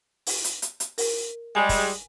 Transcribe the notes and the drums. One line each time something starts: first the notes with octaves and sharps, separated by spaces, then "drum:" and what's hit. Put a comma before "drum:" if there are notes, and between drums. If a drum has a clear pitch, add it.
drum: open hi-hat
drum: hi-hat
drum: hi-hat
drum: hi-hat
A#4, drum: open hi-hat
G3 G#3 G#5
drum: kick, open hi-hat